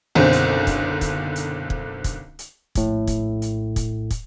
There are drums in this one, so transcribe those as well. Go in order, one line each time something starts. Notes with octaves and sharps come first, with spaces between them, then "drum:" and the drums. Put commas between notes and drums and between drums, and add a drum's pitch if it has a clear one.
F#1 B1 D3 C4
drum: hi-hat
drum: kick, hi-hat
drum: kick, hi-hat
drum: hi-hat
drum: kick
drum: kick, hi-hat
drum: hi-hat
A#1 A2, drum: kick, hi-hat
drum: kick, hi-hat
drum: hi-hat
drum: kick, hi-hat
drum: kick, hi-hat